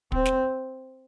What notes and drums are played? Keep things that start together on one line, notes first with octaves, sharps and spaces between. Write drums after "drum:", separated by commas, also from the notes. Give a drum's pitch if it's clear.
C4, drum: kick
drum: snare